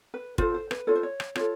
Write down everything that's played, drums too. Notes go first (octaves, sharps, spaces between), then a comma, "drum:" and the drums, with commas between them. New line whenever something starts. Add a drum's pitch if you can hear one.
B4
F4 A4 C5, drum: kick
C5
B4, drum: rim click
F4 A4 C#5
C5
C#5
drum: rim click
F4 A4 C#5, drum: rim click